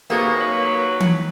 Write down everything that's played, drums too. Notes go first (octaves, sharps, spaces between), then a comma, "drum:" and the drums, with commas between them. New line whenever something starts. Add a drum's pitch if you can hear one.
D#2 C3 A#3 B3 F#4 G#4 C#6
F#3 B4
drum: tom E3